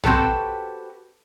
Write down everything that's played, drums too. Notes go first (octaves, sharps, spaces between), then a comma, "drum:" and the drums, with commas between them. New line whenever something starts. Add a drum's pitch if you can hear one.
C4 F#4 G4 A4 B4, drum: tom